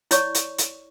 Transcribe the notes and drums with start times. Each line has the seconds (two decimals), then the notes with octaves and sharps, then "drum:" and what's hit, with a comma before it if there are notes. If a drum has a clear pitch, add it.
0.11 E4 C#5 D5 C#6, drum: hi-hat
0.35 drum: hi-hat
0.58 drum: hi-hat